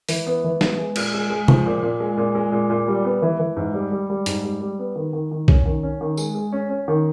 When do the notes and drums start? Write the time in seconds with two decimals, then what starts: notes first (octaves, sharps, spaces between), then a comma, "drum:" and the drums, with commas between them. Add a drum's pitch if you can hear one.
0.09 E3, drum: open hi-hat
0.26 B3
0.44 E3
0.61 B3, drum: snare
0.78 G#3
0.96 A#2, drum: cymbal
1.14 G#3
1.30 G#3
1.48 F3, drum: tom
1.66 A#2
1.83 A#2
2.00 G#3
2.17 A#2
2.35 G#3
2.52 A#2
2.70 A#2
2.88 G3
3.05 B3
3.22 E3
3.40 E3
3.57 G#2
3.74 G3
3.91 G3
4.10 G3
4.26 G#2, drum: hi-hat
4.44 G3
4.61 G3
4.79 B3
4.96 D#3
5.13 D#3
5.31 D#3
5.48 C#4, drum: kick C2
5.66 D#3
5.83 C#4
6.01 D#3
6.17 G#3, drum: tambourine
6.35 G#3
6.53 C#4
6.70 C#4
6.88 D#3